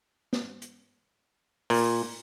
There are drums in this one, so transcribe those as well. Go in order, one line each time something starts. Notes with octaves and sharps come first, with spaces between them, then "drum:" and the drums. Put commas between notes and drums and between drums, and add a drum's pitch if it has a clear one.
drum: snare
drum: hi-hat
A#2, drum: open hi-hat